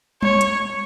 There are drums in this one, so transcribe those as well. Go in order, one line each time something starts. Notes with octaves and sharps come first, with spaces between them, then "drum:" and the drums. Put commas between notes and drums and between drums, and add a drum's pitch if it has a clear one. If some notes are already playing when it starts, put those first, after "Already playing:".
C#5, drum: tom G3
drum: hi-hat